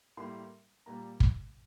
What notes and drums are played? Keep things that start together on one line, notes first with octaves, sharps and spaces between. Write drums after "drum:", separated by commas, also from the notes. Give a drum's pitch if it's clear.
A2 G3 A#3 C6
A#2 G3 A#3 A#5
drum: kick